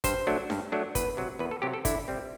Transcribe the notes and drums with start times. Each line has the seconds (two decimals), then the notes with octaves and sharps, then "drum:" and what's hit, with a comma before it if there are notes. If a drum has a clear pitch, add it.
0.04 G2 C5, drum: kick, hi-hat
0.27 F#3 A3 D4
0.50 G2, drum: snare D4
0.72 F#3 A3 D4
0.95 E2 B4, drum: kick, hi-hat
1.17 C3 F#3
1.39 E2 B4
1.51 A4
1.62 C3 F#3 G4
1.73 A4
1.85 D3 E4, drum: kick, hi-hat
2.08 G3 C4